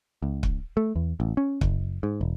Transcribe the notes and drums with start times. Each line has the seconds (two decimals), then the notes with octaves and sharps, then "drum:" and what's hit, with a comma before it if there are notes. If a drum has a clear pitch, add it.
0.22 C#2
0.43 drum: kick
0.77 A3
0.96 E2
1.20 A1
1.37 C#4
1.61 F#1, drum: kick
2.03 G#2
2.21 E1